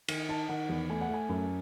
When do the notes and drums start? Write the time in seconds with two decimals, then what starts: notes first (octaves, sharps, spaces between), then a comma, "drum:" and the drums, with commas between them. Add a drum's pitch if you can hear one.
0.08 D#3, drum: cymbal
0.29 D#4 A5
0.49 D#3 F#5
0.69 E2
0.90 A3 G#5
1.01 F#5
1.09 A3 G#5
1.29 F#2